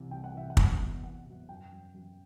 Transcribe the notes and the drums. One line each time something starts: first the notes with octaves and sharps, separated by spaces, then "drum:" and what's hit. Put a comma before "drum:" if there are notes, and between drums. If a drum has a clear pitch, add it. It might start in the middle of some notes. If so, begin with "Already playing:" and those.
Already playing: C2 C3 E3
C2 G5
F#5
C3 E3 E5
F#5
E2, drum: kick
B2 F#3
E2 F#5
B2 F#3
F#2 G5
F#3
F#2